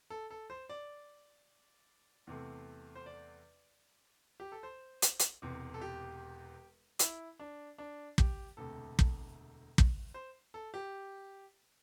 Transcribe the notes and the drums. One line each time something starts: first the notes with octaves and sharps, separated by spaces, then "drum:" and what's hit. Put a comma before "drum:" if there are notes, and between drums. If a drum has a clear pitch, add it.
A4
A4
C5
D5
E2 C3 A3
C5
D5
G4
A4
C5
drum: hi-hat
drum: hi-hat
E1 E2 C3
A4
G4
E4, drum: hi-hat
D4
D4
G4, drum: kick
E1 D2 C3 A3 A4
drum: kick
drum: kick
C5
A4
G4